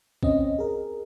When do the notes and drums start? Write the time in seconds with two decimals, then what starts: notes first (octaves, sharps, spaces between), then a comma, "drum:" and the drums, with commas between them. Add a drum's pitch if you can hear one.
0.23 C4 C#4 D#5, drum: kick
0.59 G#4 A#4